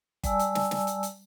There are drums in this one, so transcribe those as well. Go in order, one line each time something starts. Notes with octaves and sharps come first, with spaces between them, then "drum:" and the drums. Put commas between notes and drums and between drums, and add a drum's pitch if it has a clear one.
G3 D5 G#5 A5 E6, drum: kick G1, hi-hat
drum: hi-hat
drum: snare
drum: snare
drum: hi-hat
drum: hi-hat